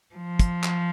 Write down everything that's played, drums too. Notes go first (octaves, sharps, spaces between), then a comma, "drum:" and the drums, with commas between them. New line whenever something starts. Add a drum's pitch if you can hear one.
F3
drum: kick, hi-hat
drum: clap